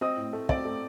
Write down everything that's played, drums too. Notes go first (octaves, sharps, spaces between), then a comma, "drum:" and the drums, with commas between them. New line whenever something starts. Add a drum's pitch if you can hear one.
C4 D#5 D#6
A2
A3
C4 D5 D6, drum: kick
A3